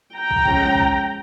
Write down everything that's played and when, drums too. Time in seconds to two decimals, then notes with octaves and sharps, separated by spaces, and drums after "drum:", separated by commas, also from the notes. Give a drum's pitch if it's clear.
0.15 G5 A#5
0.31 drum: kick
0.46 F3 G#3 C#4, drum: kick
0.75 drum: kick